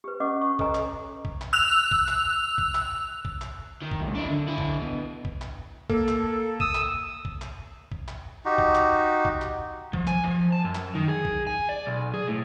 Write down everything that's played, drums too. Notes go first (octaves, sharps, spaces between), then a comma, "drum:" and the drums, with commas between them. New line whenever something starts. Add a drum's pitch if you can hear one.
G4 B4
C#4 D#5 F#5 C#6 D6
C#6
A4 B4 C#5 D#5 G#5 A#5, drum: kick
drum: clap
drum: kick
drum: clap
E6 F#6 F7
drum: kick
drum: clap
drum: kick
drum: clap
drum: kick
drum: clap
D#3
drum: kick
C#2 F#2
D4 E4
D3
D3 E4
drum: kick
B2
drum: kick
drum: clap
A#3 A4, drum: kick
drum: clap
D#6 E6, drum: kick
drum: clap
drum: kick
drum: clap
drum: kick
drum: clap
D#4 F#4 G4
drum: kick
drum: clap
drum: kick
drum: clap
F3, drum: kick
G#5, drum: clap
F3
A5
F#2
drum: clap
D#3
G#4
drum: kick
G#5
D5
B1
G#4
A2